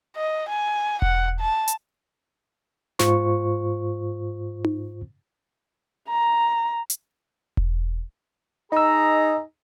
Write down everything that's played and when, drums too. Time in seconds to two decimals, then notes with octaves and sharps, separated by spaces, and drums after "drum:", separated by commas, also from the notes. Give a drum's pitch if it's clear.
0.16 D#5
0.49 G#5
1.02 F#5, drum: kick E1
1.40 A5
1.68 drum: hi-hat
2.99 G#2 F4 C5 C#6, drum: snare
4.65 drum: tom D#4
6.10 A#5
6.90 drum: hi-hat
7.57 drum: kick E1
8.72 D#4 G#4 D#5 A#5 E6